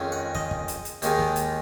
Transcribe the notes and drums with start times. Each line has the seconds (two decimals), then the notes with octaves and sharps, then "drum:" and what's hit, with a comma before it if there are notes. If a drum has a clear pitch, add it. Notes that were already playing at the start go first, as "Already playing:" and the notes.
Already playing: F2 D#3 G#3 C#4
0.12 F#5
0.35 D#5, drum: snare
0.51 drum: kick
0.68 drum: hi-hat
0.85 drum: hi-hat
1.02 D#2 D#3 G#3, drum: hi-hat
1.19 drum: snare
1.36 drum: hi-hat